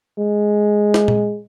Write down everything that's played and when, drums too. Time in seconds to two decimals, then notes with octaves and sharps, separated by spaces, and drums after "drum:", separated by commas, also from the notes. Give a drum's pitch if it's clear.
0.18 G#3
0.94 drum: snare
1.08 drum: tom A#2